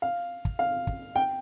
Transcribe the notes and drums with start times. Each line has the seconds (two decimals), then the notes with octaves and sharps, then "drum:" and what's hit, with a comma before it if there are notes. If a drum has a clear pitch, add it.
0.02 F5
0.45 drum: kick
0.59 F5
0.87 drum: kick
1.16 G5